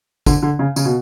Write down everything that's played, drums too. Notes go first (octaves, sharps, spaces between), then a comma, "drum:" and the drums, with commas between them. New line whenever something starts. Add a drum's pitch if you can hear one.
D3, drum: kick G#1, tambourine
D3
C#3
C#3, drum: tambourine
B2